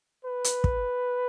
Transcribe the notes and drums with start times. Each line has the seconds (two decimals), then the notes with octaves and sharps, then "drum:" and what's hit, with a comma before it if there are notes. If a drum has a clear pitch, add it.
0.25 B4
0.44 drum: hi-hat
0.64 drum: kick